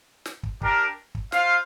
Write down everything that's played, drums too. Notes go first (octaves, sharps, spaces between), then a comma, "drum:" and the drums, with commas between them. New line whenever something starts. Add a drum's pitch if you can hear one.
drum: snare
drum: kick
D4 G4 A#4, drum: kick
drum: kick
F4 C5 F5, drum: snare